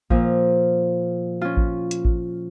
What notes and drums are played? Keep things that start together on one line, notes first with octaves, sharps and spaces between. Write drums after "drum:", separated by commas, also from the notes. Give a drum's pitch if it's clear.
A#2 F3, drum: kick A1
C#4 F4
drum: kick A1
drum: hi-hat
drum: kick A1